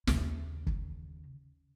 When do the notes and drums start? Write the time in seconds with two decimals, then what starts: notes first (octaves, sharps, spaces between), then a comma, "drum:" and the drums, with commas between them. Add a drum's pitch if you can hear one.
0.07 D#2 C#3, drum: snare
0.67 drum: kick